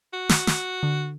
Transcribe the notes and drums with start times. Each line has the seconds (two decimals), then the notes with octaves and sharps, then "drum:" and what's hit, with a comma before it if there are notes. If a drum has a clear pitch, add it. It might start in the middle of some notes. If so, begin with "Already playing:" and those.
0.14 F#4
0.29 drum: snare
0.47 drum: snare
0.83 D3